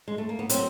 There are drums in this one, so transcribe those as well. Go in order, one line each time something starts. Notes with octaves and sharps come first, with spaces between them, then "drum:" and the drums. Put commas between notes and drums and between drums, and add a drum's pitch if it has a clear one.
G#3
A3
A#3
B3
F#3 C4, drum: hi-hat